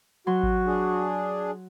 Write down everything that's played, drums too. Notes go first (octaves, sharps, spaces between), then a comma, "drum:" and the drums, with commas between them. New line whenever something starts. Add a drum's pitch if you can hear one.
F#3 F#4 C6
drum: kick G#1
D4 G#4